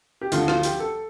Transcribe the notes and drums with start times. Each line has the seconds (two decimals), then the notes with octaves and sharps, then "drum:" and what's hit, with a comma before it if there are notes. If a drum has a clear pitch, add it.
0.21 G4
0.32 D2 D3 F3 F4, drum: hi-hat
0.48 F4, drum: rim click
0.63 G4, drum: hi-hat
0.80 A4